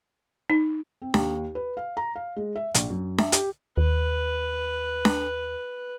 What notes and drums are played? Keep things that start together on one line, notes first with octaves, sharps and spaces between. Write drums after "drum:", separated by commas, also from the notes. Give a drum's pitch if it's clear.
D#4
C4
D#2, drum: snare D4
B4
F5
A#5
F5
G#3
E5
A#1, drum: hi-hat
F#2
E5, drum: snare D4
G4, drum: hi-hat
D#2 B4
drum: snare D4